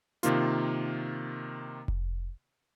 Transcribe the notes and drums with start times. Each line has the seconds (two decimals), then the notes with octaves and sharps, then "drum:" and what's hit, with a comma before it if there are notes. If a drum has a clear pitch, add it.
0.23 C3 D#3 A#3 F4, drum: hi-hat
1.88 drum: kick F1